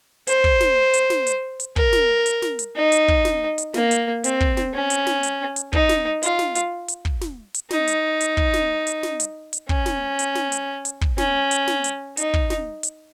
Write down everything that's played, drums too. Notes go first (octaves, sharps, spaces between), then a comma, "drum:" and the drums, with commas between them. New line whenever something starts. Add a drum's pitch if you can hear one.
C5, drum: hi-hat
drum: kick
drum: snare
drum: hi-hat
drum: snare
drum: hi-hat
drum: hi-hat
A#4, drum: kick
drum: snare
drum: hi-hat
drum: snare
drum: hi-hat
D#4
drum: hi-hat
drum: kick
drum: snare
drum: hi-hat
A#3, drum: snare
drum: hi-hat
C4, drum: hi-hat
drum: kick
drum: snare
C#4
drum: hi-hat
drum: snare
drum: hi-hat
drum: hi-hat
D#4, drum: kick
drum: snare
F4, drum: hi-hat
drum: snare
drum: hi-hat
drum: hi-hat
drum: kick
drum: snare
drum: hi-hat
D#4, drum: snare
drum: hi-hat
drum: hi-hat
drum: kick
drum: snare
drum: hi-hat
drum: snare
drum: hi-hat
drum: hi-hat
C#4, drum: kick
drum: snare
drum: hi-hat
drum: snare
drum: hi-hat
drum: hi-hat
drum: kick
C#4, drum: snare
drum: hi-hat
drum: snare
drum: hi-hat
D#4, drum: hi-hat
drum: kick
drum: snare
drum: hi-hat